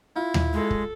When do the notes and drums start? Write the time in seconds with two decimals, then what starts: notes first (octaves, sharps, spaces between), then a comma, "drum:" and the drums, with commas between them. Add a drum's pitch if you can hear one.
0.16 E4 F4
0.34 drum: tom D#2
0.53 G#3 A4
0.70 drum: kick